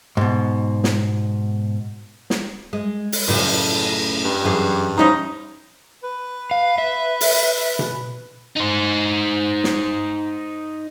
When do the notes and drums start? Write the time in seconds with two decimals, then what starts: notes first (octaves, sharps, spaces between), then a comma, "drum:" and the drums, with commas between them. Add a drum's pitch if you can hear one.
0.17 G#2 B2
0.84 drum: snare
2.30 drum: snare
2.73 G#3
3.12 drum: open hi-hat
3.27 F#2 A2 C#3, drum: cymbal
4.24 G2
4.44 F#2 E3 G#4
4.97 F3 C#4 D#4 E4
6.04 B4
6.51 F5
6.78 E5
7.21 drum: open hi-hat
7.79 drum: tom B2
8.56 D#4 C5
9.64 drum: snare